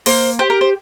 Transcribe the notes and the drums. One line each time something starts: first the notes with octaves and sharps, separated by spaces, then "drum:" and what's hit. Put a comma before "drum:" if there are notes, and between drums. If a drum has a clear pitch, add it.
A#3 C5, drum: open hi-hat
G4 C5
A#4
C5